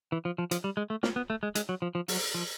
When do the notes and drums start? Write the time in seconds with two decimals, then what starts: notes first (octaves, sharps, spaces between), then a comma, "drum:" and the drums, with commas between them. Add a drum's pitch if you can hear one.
0.12 E3
0.25 F3
0.38 F3
0.51 F3, drum: hi-hat
0.64 G3
0.77 G#3
0.90 A3
1.03 A#3, drum: snare
1.16 B3
1.30 A3
1.43 G#3
1.55 G#3, drum: hi-hat
1.69 F#3
1.82 F3
1.95 F3
2.08 F#3, drum: open hi-hat
2.34 F3